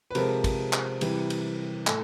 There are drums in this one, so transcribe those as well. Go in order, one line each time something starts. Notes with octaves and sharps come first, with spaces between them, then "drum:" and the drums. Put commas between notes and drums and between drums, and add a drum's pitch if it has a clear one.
B4
C3 F3 G#3 A#4, drum: cymbal
drum: kick, cymbal
drum: clap
C3 E3 G3, drum: cymbal
drum: cymbal
A2 A4, drum: clap